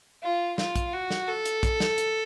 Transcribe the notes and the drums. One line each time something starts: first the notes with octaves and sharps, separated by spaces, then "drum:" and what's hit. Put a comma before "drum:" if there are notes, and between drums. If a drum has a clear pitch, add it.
F4
F4, drum: snare
drum: kick, hi-hat
F#4
drum: snare
A4
drum: hi-hat
drum: kick, hi-hat
drum: snare
drum: hi-hat